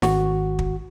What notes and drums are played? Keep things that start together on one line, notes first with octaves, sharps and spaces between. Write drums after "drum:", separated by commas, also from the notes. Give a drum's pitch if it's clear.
G#1 F#4, drum: snare
drum: kick